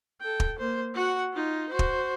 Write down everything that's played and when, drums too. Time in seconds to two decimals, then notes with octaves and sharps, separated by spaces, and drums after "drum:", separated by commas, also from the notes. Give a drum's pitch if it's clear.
0.21 A4 G5
0.40 drum: kick
0.59 A#3 C5
0.94 F#4 F#5
1.33 D#4 F4
1.69 F#4 C5
1.79 drum: kick